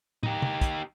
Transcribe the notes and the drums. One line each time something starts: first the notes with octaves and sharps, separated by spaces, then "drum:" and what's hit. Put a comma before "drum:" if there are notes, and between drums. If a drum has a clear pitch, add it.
D#4 G4, drum: tom
drum: tom C3
drum: kick, hi-hat